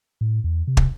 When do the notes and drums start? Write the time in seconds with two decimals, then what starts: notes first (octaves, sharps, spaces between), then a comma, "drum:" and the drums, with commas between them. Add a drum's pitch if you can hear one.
0.21 A2
0.44 E2
0.67 C3
0.77 drum: kick